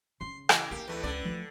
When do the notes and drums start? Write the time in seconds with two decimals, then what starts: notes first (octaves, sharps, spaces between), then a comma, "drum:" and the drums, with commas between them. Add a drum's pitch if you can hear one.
0.21 C#3 C6
0.49 E3 D#5, drum: rim click
0.71 D2 A#3 G4
0.88 E2 A3 B4
1.03 C#2 D3 C#4 D5
1.23 F3 A3